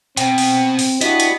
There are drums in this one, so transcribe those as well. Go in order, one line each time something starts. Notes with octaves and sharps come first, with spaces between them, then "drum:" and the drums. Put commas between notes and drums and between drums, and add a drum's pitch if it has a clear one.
B2 C4 G5, drum: hi-hat
drum: open hi-hat
drum: open hi-hat
B3 D4 E4 F#4 G4 D#5, drum: hi-hat
drum: hi-hat